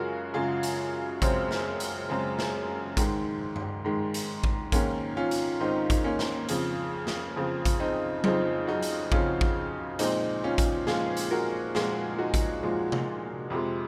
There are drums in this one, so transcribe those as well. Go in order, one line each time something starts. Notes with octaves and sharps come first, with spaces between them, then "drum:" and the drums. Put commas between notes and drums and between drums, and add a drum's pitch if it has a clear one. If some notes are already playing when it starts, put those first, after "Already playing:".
Already playing: F#2 C#3 G#3 F4 F#4 G#4 A#4
F#2 C#3 G#3 F4 G#4
drum: hi-hat
F#2 C#3 G#3 C4, drum: kick A1, hi-hat
drum: snare
drum: hi-hat
F#2 C#3 G#3 C4
drum: snare
G#2 D#3 G#3, drum: kick A1, hi-hat
drum: tom G2
G#2 D#3 G#3
drum: hi-hat
drum: kick A1
G#2 D#3 G#3 A#3 C#4, drum: kick A1, hi-hat
C#4 F4
drum: hi-hat
G#2 D#3 G#3 C4 D#4
drum: kick A1, hi-hat
A#3 C#4
drum: snare
F2 C#3 F3, drum: hi-hat
drum: snare
F2 C#3 F3 C4
drum: kick A1, hi-hat
C4 D#4
F2 C#3 F3 C4 D#4, drum: tom F#3
D#4 F#4
drum: hi-hat
F2 C#3 F3 C#4 F4, drum: kick A1
drum: kick A1
A#2 F3 G#3 C4 D#4, drum: hi-hat
C#4 F4
drum: kick A1, hi-hat
A#2 F3 G#3 F4 G#4, drum: snare
drum: hi-hat
F#4 A#4
A#2 F3 G#3 F4 G#4, drum: snare
D#4 F#4
drum: kick A1, hi-hat
A#2 F3 G#3
drum: tom C3
F2 C3 F3 G#3